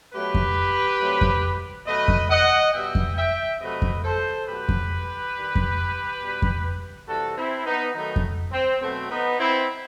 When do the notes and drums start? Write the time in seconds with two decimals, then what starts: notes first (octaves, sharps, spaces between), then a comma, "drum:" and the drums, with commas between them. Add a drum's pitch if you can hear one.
0.13 B2 F#3 A3 G4 B4
0.34 drum: kick F2
0.99 C3 F#3 A3
1.21 drum: kick F2
1.86 B2 F#3 A3 B4 D#5
2.08 drum: kick F2
2.30 D#5 F#5
2.73 B2 G3 E5 G5
2.95 drum: kick F2
3.16 E5 G5
3.60 C3 F#3 A3 B4 D#5
3.82 drum: kick F2
4.03 A4 C5
4.47 B2 F#3 A3 G4 B4
4.69 drum: kick F2
5.34 D#3 G3
5.55 drum: kick F2
6.20 B2 G3
6.42 drum: kick F2
7.07 C3 E3 G3 F#4 A4
7.36 C4 E4
7.65 B3 D#4
7.94 D#3 F#3 A3 B3 D#4
8.16 drum: kick F2
8.52 C4
8.81 B2 F#3 A3 C4
9.10 B3 D#4
9.39 C4 E4